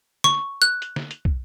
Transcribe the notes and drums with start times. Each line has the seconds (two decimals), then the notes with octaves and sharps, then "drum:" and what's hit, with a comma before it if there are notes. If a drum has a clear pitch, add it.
0.24 C#6, drum: snare
0.62 F#6
0.82 drum: hi-hat
0.96 drum: snare
1.11 drum: hi-hat
1.25 drum: kick